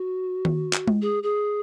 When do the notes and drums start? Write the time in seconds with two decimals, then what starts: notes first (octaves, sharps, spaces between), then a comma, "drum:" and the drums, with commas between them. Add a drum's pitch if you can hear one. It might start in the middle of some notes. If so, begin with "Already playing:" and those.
Already playing: F#4
0.45 drum: tom D#3
0.73 drum: clap
0.87 drum: tom G#3
1.02 G#4
1.23 G#4